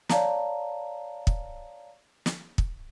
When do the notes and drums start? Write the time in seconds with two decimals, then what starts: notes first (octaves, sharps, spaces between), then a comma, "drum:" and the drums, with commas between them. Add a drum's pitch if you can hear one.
0.09 C#5 D5 F5 A5 A#5, drum: snare
1.27 drum: kick
2.26 drum: snare
2.58 drum: kick